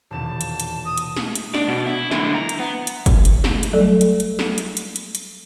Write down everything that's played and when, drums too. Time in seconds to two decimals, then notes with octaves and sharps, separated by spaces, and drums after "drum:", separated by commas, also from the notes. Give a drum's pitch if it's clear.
0.11 D#1 E2 B2 A5
0.41 drum: hi-hat
0.60 drum: hi-hat
0.85 D#6
0.98 drum: hi-hat
1.16 drum: snare
1.35 drum: hi-hat
1.54 D4 D5, drum: snare
1.68 B2
1.86 E4
2.11 D3 E4, drum: snare
2.35 A#5
2.49 drum: hi-hat
2.60 B3
2.87 drum: hi-hat
3.06 drum: kick, hi-hat
3.25 drum: hi-hat
3.44 drum: snare
3.63 drum: hi-hat
3.73 F#3 G3 A3 A4 D5
4.01 drum: hi-hat
4.20 drum: hi-hat
4.39 drum: snare
4.58 drum: hi-hat
4.77 drum: hi-hat
4.96 drum: hi-hat
5.15 drum: hi-hat